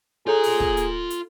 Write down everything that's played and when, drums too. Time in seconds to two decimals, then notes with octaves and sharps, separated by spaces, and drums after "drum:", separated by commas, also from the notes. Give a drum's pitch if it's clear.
0.27 F4 G#4 A4 C#5 A#5
0.43 drum: open hi-hat
0.60 drum: kick
0.77 drum: hi-hat
1.10 drum: hi-hat